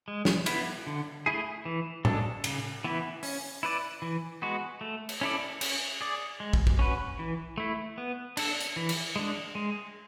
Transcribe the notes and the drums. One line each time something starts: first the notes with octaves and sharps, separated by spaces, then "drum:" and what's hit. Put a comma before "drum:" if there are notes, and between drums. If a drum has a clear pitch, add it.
G#3
drum: snare
B3 E4, drum: cymbal
D3
A3 E4 G#4
E3
G#3 D4 A4, drum: tom A2
C#3, drum: cymbal
E3 B3 E4
C#4, drum: open hi-hat
E4 B4 D5
E3
G#3 B3 F#4
A3
drum: cymbal
C#4 E4 A4 D5
C#4, drum: cymbal
G#4 D5
G#3
drum: kick
drum: kick
C#4 F#4 B4
E3
A3 E4
B3
D4 A4, drum: cymbal
drum: hi-hat
E3
drum: cymbal
G#3 D4
G#3